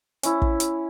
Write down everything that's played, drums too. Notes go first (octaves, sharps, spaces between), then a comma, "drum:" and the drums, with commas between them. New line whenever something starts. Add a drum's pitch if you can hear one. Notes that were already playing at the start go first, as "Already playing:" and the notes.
C#4 E4, drum: hi-hat
drum: kick
drum: hi-hat